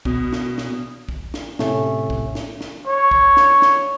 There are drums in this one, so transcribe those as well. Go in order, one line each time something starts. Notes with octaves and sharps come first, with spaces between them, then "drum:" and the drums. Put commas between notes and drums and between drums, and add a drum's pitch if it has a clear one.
B2, drum: kick
drum: snare
drum: snare
drum: kick
drum: snare
A2 C3 A3 C#4, drum: snare
drum: kick
drum: snare
drum: snare
C#5
drum: kick
drum: snare
drum: snare